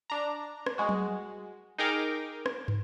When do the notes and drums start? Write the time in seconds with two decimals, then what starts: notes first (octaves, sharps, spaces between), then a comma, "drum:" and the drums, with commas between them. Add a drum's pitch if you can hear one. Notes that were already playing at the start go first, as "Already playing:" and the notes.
0.10 D4 A#5
0.66 drum: rim click
0.78 G#3 F#4
0.89 drum: tom F#3
1.78 D#4 G#4 A#4 G5 D6
2.46 drum: rim click
2.68 drum: tom